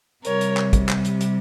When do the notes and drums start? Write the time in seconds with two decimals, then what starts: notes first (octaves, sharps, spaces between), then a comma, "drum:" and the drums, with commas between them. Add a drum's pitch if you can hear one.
0.25 C3 G3 A#4 C#5, drum: hi-hat
0.41 drum: hi-hat
0.57 drum: clap
0.73 drum: kick, hi-hat
0.89 drum: clap
1.05 drum: hi-hat
1.21 drum: hi-hat